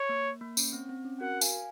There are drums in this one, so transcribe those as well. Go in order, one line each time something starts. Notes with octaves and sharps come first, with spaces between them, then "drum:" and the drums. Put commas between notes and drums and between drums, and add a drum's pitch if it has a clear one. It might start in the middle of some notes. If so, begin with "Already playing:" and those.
Already playing: C#5
A#3
A#3
C#4, drum: tambourine
C4
C4
C#4
F#4 A#4 F#5
F5 G#5, drum: tambourine